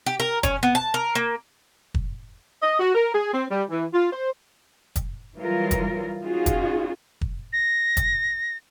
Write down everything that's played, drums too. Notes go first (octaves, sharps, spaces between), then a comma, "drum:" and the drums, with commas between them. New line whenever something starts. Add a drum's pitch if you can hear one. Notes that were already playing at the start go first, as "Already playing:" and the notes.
G4
A#4
C#4, drum: kick, hi-hat
B3
A5
A#4
A#3
drum: kick
D#5
F#4
A#4
G#4
C4
G3
E3
F4
C5
drum: kick, hi-hat
E3 F#3 G3 F4 A#4
drum: kick, hi-hat
C#4 D#4 F4 F#4 G#4
drum: kick, hi-hat
drum: kick
A#6
drum: kick, hi-hat